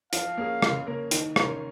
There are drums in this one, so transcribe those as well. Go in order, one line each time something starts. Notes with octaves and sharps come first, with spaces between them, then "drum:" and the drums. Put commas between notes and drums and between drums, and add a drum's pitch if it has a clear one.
F3 F5, drum: hi-hat
A#3 C#4 G#4
C#3, drum: rim click
A#3 C#4 A#4
D#3, drum: hi-hat
C#4 A#4, drum: rim click